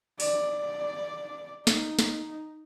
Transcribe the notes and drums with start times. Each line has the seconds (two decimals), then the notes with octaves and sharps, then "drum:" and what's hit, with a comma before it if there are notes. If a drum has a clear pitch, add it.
0.20 D5, drum: open hi-hat
1.67 D#4, drum: snare
1.99 drum: snare